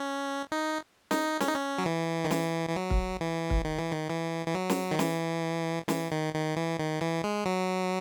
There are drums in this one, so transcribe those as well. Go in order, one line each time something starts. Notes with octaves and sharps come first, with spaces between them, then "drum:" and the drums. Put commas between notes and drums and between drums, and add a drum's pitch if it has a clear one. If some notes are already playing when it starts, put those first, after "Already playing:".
Already playing: C#4
D#4
D#4, drum: snare
C#4, drum: snare
D#4
C#4
F#3
E3
D#3
E3, drum: snare
E3
F#3
drum: kick
E3
drum: kick
D#3
E3
D#3
E3
E3
F#3
drum: snare
D#3
E3, drum: snare
E3, drum: snare
D#3
D#3
E3
D#3
E3
G#3
F#3